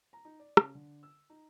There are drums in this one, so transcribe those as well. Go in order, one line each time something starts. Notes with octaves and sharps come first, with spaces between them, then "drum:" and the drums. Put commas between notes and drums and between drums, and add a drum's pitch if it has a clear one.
A#5
D#4
D5
C#3, drum: rim click
D3
E6
D#4